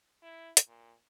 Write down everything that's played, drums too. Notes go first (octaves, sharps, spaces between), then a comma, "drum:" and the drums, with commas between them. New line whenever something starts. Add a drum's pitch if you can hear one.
E4
drum: hi-hat
A#2